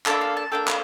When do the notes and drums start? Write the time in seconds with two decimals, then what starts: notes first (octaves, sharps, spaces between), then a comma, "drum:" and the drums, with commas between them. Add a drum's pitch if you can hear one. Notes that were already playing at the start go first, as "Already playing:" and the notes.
0.06 A#3 D4 A4 E5, drum: clap
0.21 F5
0.37 A5
0.52 A#3 D4 A4 G5
0.68 drum: clap